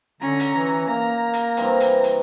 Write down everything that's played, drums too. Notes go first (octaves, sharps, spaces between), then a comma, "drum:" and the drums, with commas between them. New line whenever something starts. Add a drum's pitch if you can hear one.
D3 C#4 A#5
drum: hi-hat
E3
A#3 A#5
drum: hi-hat
G2 E3 C4, drum: hi-hat
drum: hi-hat
drum: hi-hat